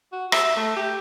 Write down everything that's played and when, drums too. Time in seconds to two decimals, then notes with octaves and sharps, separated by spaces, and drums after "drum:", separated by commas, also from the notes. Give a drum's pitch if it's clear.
0.12 F#4
0.32 E5, drum: rim click
0.56 A3
0.76 G4